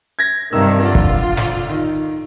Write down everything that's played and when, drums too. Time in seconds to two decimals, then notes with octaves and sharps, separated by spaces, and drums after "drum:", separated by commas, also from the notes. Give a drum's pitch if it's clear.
0.19 G#6 A#6
0.53 G2 C3 D#3 E6
0.84 D3 F4 D5
0.95 drum: kick
1.37 drum: snare
1.69 D#3